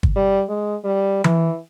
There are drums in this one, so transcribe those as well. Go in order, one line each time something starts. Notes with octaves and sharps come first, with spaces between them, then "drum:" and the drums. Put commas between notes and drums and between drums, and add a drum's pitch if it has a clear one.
drum: kick
G3
G#3
G3
E3, drum: tom E3